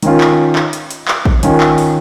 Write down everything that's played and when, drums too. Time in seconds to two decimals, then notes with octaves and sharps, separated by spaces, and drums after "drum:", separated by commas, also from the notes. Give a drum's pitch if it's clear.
0.02 D#3 C#4 F4, drum: hi-hat
0.21 drum: clap
0.56 drum: clap
0.73 drum: hi-hat
0.90 drum: hi-hat
1.08 drum: clap
1.25 drum: kick
1.43 D#3 C#4 F4, drum: hi-hat
1.60 drum: clap
1.78 drum: open hi-hat